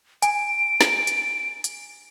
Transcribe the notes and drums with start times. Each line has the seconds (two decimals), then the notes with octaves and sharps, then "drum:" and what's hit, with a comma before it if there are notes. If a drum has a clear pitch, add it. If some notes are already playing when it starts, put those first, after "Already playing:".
0.22 G#5 D7, drum: hi-hat
0.81 drum: snare
1.07 drum: hi-hat
1.64 drum: hi-hat